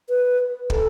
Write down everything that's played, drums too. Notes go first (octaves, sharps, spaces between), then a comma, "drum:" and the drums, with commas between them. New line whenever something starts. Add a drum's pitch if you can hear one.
B4
A4, drum: kick